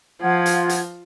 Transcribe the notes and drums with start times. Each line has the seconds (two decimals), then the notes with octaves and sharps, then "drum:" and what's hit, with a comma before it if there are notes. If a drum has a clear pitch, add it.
0.22 F3 F4 F#5 G#6
0.46 drum: hi-hat
0.69 drum: hi-hat